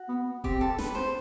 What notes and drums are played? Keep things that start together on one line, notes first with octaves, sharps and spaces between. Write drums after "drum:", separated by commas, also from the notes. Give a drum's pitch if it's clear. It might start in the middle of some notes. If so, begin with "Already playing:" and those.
Already playing: F#4
B3
C4 G4, drum: kick D#1
A4
B4, drum: snare
C5